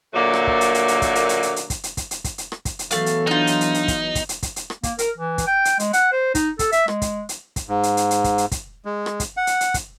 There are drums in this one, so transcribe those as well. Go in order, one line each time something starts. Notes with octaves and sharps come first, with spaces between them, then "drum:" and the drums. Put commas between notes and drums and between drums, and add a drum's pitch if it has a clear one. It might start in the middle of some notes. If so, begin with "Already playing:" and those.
A#2 D3 F#3 A3 A#3
drum: rim click
drum: kick
drum: hi-hat
drum: hi-hat
drum: hi-hat
drum: kick, hi-hat
drum: hi-hat
drum: hi-hat
drum: hi-hat
drum: hi-hat
drum: kick, hi-hat
drum: hi-hat
drum: kick, hi-hat
drum: hi-hat
drum: kick, hi-hat
drum: hi-hat
drum: rim click
drum: kick, hi-hat
drum: hi-hat
E3 F#3 A3 B3 F5, drum: hi-hat
drum: hi-hat
D4 D#4 F4 G6
drum: hi-hat
drum: hi-hat
drum: hi-hat
drum: kick, hi-hat
drum: kick, hi-hat
drum: hi-hat
drum: kick, hi-hat
drum: hi-hat
drum: rim click
A#3, drum: kick, hi-hat
A#4, drum: hi-hat
E3
drum: kick, hi-hat
G5
drum: hi-hat
G#3, drum: hi-hat
F#5, drum: hi-hat
C5
D#4, drum: kick, hi-hat
A4, drum: kick, hi-hat
E5, drum: hi-hat
G#3, drum: rim click
drum: kick, hi-hat
drum: hi-hat
drum: kick, hi-hat
G#2
drum: hi-hat
drum: hi-hat
drum: hi-hat
drum: kick, hi-hat
drum: hi-hat
drum: kick, hi-hat
G#3
drum: rim click
drum: kick, hi-hat
F#5
drum: hi-hat
drum: hi-hat
drum: kick, hi-hat